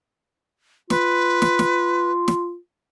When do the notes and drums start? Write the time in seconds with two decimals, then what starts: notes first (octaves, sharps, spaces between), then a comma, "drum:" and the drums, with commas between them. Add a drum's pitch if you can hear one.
0.90 F4 B4, drum: snare
1.42 drum: snare
1.59 drum: snare
2.28 drum: snare